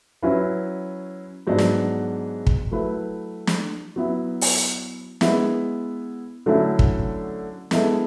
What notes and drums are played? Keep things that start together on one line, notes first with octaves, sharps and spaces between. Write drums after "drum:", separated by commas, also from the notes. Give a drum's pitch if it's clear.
F#3 C#4 E4 B4
G#2 F#3 B3 D4
drum: snare
drum: kick
F#3 A3 E4 B4
drum: snare
F#3 B3 E4
drum: open hi-hat
G#3 B3 E4, drum: snare
D3 F#3 A3 C#4 E4
drum: kick
G#3 B3 E4 A4, drum: snare